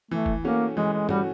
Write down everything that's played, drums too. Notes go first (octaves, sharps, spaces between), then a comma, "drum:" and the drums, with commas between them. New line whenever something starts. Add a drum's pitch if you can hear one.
E3 A3
drum: kick
A3 A#3 C#4 F#4
E3 G#3
G#3
G3 A3 C#4 F#4, drum: tom